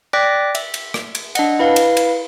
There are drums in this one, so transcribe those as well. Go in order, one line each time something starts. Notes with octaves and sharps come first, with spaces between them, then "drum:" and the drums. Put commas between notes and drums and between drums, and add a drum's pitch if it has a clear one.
D5 G5 D6 F#6 A#6 B6
E5, drum: cymbal
drum: cymbal
drum: rim click
drum: cymbal
D4 D#5 F#5, drum: cymbal
E4 B4 F5
drum: cymbal
drum: cymbal